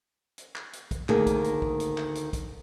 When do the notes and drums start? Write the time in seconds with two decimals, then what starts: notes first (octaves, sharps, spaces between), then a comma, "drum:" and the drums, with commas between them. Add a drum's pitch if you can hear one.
0.38 drum: hi-hat
0.56 drum: clap
0.73 drum: hi-hat
0.91 drum: kick, hi-hat
1.09 D2 D#3 A#3 G#4, drum: clap
1.27 drum: kick, hi-hat
1.44 drum: hi-hat
1.62 drum: kick
1.80 drum: hi-hat
1.98 drum: clap
2.15 drum: hi-hat
2.33 drum: kick, hi-hat